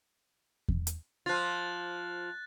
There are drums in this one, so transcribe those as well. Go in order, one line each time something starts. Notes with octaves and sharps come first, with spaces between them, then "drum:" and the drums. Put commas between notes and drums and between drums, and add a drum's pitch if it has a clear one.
drum: kick E2
drum: hi-hat
F3 F4 F#6 A6